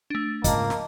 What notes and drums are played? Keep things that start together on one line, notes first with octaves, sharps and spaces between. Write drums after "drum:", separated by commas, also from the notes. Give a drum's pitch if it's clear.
A3 D4
G#2 C#3 F3 A#3 D#5 A5, drum: kick, hi-hat
drum: snare